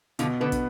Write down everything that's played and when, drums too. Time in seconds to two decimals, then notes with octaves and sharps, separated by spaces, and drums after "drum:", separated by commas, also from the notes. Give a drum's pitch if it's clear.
0.19 B2 D3 F3, drum: hi-hat
0.41 D3 B3
0.52 drum: kick, hi-hat